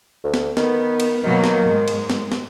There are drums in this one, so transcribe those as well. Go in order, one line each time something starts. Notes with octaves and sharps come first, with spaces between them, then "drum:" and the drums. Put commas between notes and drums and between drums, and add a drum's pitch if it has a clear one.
D2
drum: snare
D#3 B3, drum: snare
drum: cymbal
B2 D#3 F#3 A#3
drum: snare
G#2 G#3
drum: cymbal
drum: snare
drum: snare